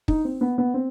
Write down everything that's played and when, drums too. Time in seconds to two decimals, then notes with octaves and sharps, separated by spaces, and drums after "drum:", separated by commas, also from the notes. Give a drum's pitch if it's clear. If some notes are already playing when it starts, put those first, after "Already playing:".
0.08 D#4, drum: kick
0.25 C4
0.41 B3
0.58 B3
0.74 C4